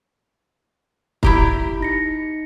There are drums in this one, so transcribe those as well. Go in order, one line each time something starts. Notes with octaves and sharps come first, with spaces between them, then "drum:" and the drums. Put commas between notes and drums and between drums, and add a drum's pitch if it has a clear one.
E4 G4 A#5, drum: kick
D#4 A#6 C#7